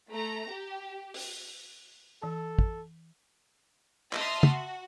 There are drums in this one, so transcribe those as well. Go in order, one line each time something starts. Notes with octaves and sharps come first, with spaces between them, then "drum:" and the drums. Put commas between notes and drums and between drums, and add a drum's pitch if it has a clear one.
A3 A#5
G4
drum: open hi-hat
E3 A4 A5
drum: kick
D#5 E5 A5 C6 D#6 F6, drum: clap
F#4, drum: tom